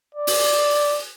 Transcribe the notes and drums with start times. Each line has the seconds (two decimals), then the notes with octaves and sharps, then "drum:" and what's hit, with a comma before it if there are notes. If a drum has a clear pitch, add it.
0.15 D5
0.27 drum: open hi-hat